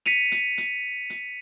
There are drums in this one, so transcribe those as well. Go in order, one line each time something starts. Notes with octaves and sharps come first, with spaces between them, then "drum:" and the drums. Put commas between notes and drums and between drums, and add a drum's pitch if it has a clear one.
B6 C#7 D#7 F7, drum: hi-hat
drum: hi-hat
drum: hi-hat
drum: hi-hat